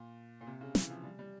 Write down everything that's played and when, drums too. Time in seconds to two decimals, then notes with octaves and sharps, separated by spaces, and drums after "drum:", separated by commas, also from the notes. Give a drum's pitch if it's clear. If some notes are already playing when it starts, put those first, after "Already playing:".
Already playing: A#2
0.41 A#2
0.47 C3
0.61 C#3
0.75 E3, drum: snare
0.90 F3
1.04 G3
1.19 G3